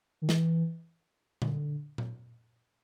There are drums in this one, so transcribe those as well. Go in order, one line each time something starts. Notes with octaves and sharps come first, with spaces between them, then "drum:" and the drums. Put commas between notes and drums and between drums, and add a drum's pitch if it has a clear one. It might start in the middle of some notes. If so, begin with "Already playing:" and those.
D#3
E3, drum: snare
D3, drum: tom A#2
drum: tom A#2